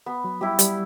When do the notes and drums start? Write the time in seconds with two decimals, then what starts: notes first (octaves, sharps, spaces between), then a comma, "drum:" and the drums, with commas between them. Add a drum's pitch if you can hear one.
0.06 B3
0.24 F#3
0.41 G3 E4 G4
0.59 G3, drum: hi-hat